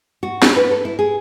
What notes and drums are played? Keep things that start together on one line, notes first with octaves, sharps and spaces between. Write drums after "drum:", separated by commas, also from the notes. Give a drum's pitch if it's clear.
F#4
C#4, drum: snare
B4
A4
E4
G#4